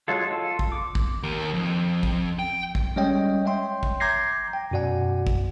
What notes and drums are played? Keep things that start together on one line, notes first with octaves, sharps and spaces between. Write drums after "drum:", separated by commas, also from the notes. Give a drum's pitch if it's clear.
F#3 G#3 F4 A4
F4 A4
drum: kick
D6
drum: kick
D#2 A#4
F2
drum: kick
G5
drum: kick
G3 G#3 C#4 C#5 D#5 G5
C#5 E5 G5 C6
drum: kick
A#5 D6 G6 G#6 A#6 C7
G5
F#2 B2 F#4 D5 F#5 G#5
drum: kick